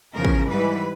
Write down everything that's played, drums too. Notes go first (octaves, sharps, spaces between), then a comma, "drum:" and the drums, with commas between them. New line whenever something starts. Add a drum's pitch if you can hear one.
E2 C#3 F3 A#4
drum: kick
G#2 E3 G3 B4